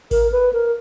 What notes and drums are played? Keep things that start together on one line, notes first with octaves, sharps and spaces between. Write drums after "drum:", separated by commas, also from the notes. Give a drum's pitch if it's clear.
A#4, drum: kick A1, open hi-hat
B4
A#4